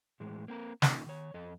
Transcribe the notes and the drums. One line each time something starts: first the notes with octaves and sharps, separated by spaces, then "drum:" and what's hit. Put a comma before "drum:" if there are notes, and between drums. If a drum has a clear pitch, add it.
A2 E3 G#3
A#3 C4 A#4
A#2 D#3 C#4 D#4, drum: snare
D#3 C#5
F2 A4 D#5